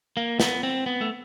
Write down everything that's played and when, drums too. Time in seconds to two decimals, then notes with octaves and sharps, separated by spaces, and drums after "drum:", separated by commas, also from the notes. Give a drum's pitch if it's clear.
0.17 A#3
0.40 B3, drum: snare
0.63 C4
0.86 B3
1.01 A3